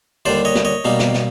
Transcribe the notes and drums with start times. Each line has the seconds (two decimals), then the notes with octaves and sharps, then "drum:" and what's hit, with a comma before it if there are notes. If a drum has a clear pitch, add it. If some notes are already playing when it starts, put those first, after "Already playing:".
0.26 D#2 D3 G3 C5 D5
0.45 C#5 D#5
0.55 drum: snare
0.65 C#5 D#5
0.85 B2 G3 A#3 D#4
0.99 drum: snare
1.14 drum: snare